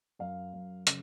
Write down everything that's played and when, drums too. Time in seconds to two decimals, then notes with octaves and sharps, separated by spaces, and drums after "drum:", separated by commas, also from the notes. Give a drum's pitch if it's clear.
0.19 F#2 F5
0.53 F#2
0.87 C#3, drum: hi-hat